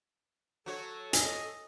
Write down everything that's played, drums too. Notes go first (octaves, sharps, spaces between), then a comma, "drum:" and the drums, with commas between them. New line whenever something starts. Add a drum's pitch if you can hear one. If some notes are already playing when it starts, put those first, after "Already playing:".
F#3 F#4 A4 C#5
D#5 G#5, drum: hi-hat